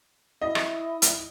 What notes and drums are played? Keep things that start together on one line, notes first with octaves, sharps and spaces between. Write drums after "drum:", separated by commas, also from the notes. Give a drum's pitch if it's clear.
E4 D#5
drum: rim click
drum: hi-hat